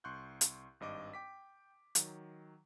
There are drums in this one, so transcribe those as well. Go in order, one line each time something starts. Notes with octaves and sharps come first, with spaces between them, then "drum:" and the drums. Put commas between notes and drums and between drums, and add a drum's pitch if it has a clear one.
C2 C6 C#6 F#6 G6
drum: hi-hat
G#1 G2 D#5 D6
G5 D6 B6
D#3 F#3, drum: hi-hat